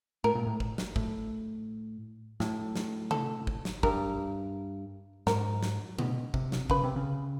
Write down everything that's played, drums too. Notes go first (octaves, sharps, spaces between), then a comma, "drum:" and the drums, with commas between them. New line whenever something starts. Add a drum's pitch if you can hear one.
A2 A#4, drum: tom G#3
A#2
A2
drum: kick
drum: snare
A2, drum: kick
A2, drum: snare
drum: snare
A4, drum: tom C3
drum: kick
drum: snare
G2 A#4, drum: kick
G#2 A#4, drum: snare
drum: snare
B2, drum: tom C3
C3, drum: kick
drum: snare
C#3 B4, drum: kick
C3
C#3